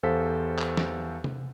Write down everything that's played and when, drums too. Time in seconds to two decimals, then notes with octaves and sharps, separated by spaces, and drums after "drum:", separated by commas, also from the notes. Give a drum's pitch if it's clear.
0.03 E2 G4 A4 C5 F5 B6
0.59 drum: clap
0.77 drum: snare
1.24 drum: tom C3